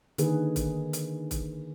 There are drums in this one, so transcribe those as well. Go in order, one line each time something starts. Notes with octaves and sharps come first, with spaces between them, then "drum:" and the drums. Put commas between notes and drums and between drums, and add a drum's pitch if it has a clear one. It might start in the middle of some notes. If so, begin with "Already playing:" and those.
D3 D#3 A#3 G#4 B4, drum: hi-hat
drum: kick, hi-hat
drum: hi-hat
drum: kick, hi-hat